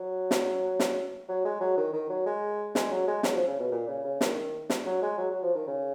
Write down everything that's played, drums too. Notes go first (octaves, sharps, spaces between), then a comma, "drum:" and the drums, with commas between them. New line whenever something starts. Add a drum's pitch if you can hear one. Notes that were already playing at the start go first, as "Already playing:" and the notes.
Already playing: F#3
drum: snare
drum: snare
F#3
G#3
F#3
D#3
D#3
F#3
G#3
G#3, drum: snare
F#3
G#3
F#3, drum: snare
F3
C#3
B2
A#2
C#3
C#3
D#3, drum: snare
drum: snare
F#3
G#3
F#3
F#3
F3
D#3
C#3